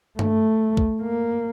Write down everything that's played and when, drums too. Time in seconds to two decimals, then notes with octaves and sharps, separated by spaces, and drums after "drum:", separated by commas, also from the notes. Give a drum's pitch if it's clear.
0.19 A3, drum: tom G2
0.77 drum: kick
1.01 A#3